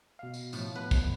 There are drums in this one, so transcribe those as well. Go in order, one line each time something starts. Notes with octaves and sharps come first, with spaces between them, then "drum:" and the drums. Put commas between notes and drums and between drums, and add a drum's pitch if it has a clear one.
B2 F5
drum: tambourine
A2 F3, drum: tambourine
B3 B4
drum: kick, tambourine